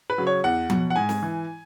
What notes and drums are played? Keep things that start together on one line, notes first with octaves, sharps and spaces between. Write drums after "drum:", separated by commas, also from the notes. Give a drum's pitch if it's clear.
B4
C#3 F#3
C#5
E2 F#5
B2 F#3, drum: tom F3
F#5
G#2 G#5
drum: snare
E3